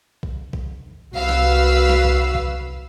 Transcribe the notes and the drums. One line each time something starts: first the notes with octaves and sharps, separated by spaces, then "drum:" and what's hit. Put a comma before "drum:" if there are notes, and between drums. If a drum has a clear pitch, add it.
drum: kick A#1
drum: kick A#1
C2 F#4 B4 F5 E6
drum: snare
drum: snare
drum: kick A#1
drum: kick A#1